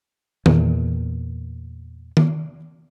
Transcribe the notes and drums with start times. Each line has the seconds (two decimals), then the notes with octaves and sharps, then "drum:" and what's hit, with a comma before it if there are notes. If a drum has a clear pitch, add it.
0.46 E2 A#2, drum: tom D#3
2.17 drum: tom D#3